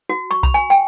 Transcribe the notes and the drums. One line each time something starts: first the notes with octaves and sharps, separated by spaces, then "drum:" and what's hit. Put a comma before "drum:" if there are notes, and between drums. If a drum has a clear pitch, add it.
F#4
C#6
B5, drum: kick B1
G#5
G5